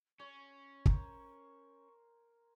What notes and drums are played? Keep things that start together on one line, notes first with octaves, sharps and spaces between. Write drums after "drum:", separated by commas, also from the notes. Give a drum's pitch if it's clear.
C#4 C#5 C#6
A#4 C5, drum: kick